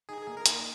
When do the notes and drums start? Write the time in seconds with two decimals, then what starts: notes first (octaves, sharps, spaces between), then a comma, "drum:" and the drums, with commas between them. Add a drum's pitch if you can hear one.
0.09 D#4 G#4
0.27 A#3
0.37 A#4
0.46 D#4, drum: hi-hat